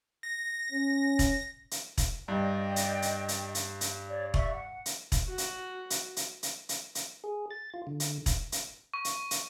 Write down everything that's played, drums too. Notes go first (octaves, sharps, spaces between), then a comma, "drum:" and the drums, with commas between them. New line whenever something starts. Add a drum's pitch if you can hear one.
A#6
C#4
drum: kick E1, hi-hat
drum: hi-hat
drum: kick E1, hi-hat
G2 D5 D#5 G5
drum: hi-hat
drum: hi-hat
drum: hi-hat
drum: hi-hat
drum: hi-hat
C#5 D5
D5 E5 C#6, drum: kick E1
F#5
drum: hi-hat
drum: kick E1, hi-hat
F#4
drum: hi-hat
drum: hi-hat
drum: hi-hat
drum: hi-hat
drum: hi-hat
drum: hi-hat
G#4
A6
F4
D3
drum: hi-hat
drum: kick E1, hi-hat
drum: hi-hat
C#6
drum: hi-hat
drum: hi-hat